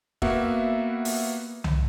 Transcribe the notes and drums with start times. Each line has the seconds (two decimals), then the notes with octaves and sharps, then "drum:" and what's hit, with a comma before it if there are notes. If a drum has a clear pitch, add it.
0.22 A#3 B3 F#4 E5, drum: kick
1.05 drum: open hi-hat
1.64 drum: tom C2